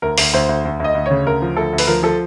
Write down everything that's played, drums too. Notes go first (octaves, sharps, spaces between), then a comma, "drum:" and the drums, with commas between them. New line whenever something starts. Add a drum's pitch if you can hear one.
D2 A#4
D2, drum: open hi-hat
D2 C5
D2
D2
D2 D#5
D2
C#3 C#5
D2 A#4
F3
D2 A4
D2
B4, drum: open hi-hat
F3 A#4
F3 A4